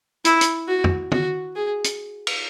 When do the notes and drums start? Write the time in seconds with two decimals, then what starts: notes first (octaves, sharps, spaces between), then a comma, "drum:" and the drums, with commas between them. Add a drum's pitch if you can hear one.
0.25 E4, drum: hi-hat
0.41 drum: hi-hat
0.68 F#4
0.84 drum: tom
1.12 F#4, drum: tom
1.55 G#4
1.84 drum: hi-hat
2.27 drum: cymbal